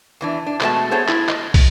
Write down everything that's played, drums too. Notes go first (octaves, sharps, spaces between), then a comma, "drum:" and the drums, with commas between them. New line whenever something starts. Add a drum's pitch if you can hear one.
E2 E3 D4
D4
B2 G#3 A3 B3 F#4 A5, drum: clap
A3 B3 G#4 A4 C5 C#5
E4, drum: clap
D#5, drum: clap
drum: kick, open hi-hat